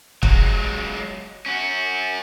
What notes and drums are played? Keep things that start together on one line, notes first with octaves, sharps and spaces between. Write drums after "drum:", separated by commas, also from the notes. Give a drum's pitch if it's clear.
F#3 G#3, drum: kick
C#4 F#4